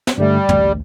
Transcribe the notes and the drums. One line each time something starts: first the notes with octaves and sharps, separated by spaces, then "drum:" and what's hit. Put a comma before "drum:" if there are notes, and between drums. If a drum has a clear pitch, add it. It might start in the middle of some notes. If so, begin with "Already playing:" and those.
drum: snare
G2 D3 G3 A3
A1 D2, drum: tom